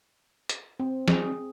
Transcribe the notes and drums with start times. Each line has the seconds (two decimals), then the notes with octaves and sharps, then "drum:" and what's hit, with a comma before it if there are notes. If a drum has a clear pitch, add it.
0.49 drum: hi-hat
0.80 C4
1.08 G#4, drum: snare